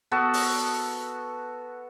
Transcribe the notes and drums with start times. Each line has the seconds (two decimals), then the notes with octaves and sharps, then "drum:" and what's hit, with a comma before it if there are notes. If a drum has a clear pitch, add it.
0.11 B3 F#4 A4 A5
0.34 drum: open hi-hat